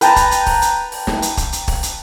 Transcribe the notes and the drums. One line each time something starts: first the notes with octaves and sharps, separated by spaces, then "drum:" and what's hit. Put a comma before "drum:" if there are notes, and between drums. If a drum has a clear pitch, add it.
B4 G5 A5 A#5, drum: hi-hat
drum: kick, hi-hat
drum: hi-hat
drum: kick, open hi-hat
drum: hi-hat
drum: open hi-hat
drum: snare
drum: hi-hat
drum: kick, hi-hat
drum: hi-hat
drum: kick, open hi-hat
drum: hi-hat